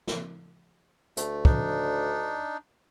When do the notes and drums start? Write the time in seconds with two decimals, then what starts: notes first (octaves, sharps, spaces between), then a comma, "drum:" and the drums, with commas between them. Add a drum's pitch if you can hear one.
0.07 drum: snare
1.17 D2 A3, drum: hi-hat
1.45 D4 D#4, drum: kick